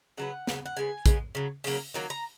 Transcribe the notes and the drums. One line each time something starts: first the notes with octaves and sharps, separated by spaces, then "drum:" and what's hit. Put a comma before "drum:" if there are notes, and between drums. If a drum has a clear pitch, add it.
C#3 F#3 B3 F#5
C#3 F#3 B3, drum: snare
F#5
C#3 G#3 B3 G#5
C#3 G#3 B3, drum: kick, hi-hat
C#3 F#3
C#3 F#3 A#3, drum: open hi-hat
D#3 F#3 A#3
A#5